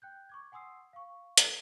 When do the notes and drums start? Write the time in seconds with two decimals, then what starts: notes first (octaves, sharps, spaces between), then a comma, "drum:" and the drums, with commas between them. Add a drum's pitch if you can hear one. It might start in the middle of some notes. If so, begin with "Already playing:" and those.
0.02 G5 F#6 G6
0.29 C#6 D6 G#6
0.52 F#5 G#5 C6 D#6 E6 C7
0.93 F5 C#6
1.37 A4 B4, drum: hi-hat